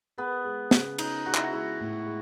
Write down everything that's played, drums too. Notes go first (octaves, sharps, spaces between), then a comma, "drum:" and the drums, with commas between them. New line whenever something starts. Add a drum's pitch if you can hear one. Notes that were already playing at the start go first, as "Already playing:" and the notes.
B3 G#4
G#3
C#3, drum: snare
C#4 D#4, drum: cymbal
F#4 G#4
E4, drum: clap
F#4
G#3 E4
A2
G#3